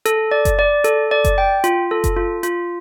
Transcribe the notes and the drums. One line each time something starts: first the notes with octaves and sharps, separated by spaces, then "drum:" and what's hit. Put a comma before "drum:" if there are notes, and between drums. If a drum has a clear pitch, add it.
A4, drum: hi-hat
D5
drum: kick F#1, hi-hat
D5
A4, drum: hi-hat
D5
drum: kick F#1, hi-hat
G5
F4, drum: hi-hat
A4
drum: kick F#1, hi-hat
F4
F4, drum: hi-hat